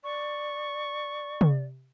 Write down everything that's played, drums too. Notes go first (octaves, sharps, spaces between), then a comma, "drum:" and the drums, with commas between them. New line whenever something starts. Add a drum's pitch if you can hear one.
D5 C#6
drum: tom